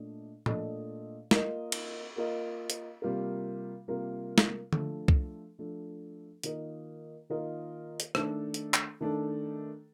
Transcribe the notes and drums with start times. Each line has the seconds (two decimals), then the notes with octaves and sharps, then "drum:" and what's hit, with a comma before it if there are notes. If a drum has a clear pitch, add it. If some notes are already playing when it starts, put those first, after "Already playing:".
Already playing: A#2 A3 D4 A4 D#5
0.46 A#2 A3 D4 A4 D#5, drum: tom A2
1.31 A#3 F4 A#4 D#5, drum: snare
1.72 drum: cymbal
2.16 A#3 F4 A#4 D#5
2.70 drum: hi-hat
3.02 C3 G3 A#3 F4 A#4
3.88 C3 G3 A#3 F4 A#4
4.38 drum: snare
4.73 F3 A3 D4 A4, drum: tom D3
5.08 drum: kick C2
5.59 F3 A3 D4 A4
6.43 D#3 A#3 F4 A#4 D#5, drum: hi-hat
7.30 D#3 A#3 F4 A#4 D#5
8.00 drum: hi-hat
8.15 D#3 A3 D4 A4, drum: rim click
8.54 drum: hi-hat
8.74 drum: clap
9.01 D#3 A3 D4 A4